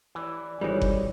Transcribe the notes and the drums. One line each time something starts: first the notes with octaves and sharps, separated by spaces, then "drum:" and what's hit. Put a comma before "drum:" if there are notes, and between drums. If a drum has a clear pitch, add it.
E3 G4 D5
G#1 E3 G3 D#4 C#5 B5
drum: kick F#1